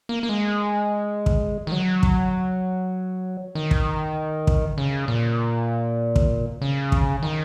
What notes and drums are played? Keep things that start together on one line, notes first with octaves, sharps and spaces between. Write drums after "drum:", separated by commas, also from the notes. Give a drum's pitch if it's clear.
A#3
A#3
G#3
drum: kick
D#3
F#3
drum: kick
D#3
drum: kick
drum: kick
C#3
A#2
drum: kick
C#3
drum: kick
D#3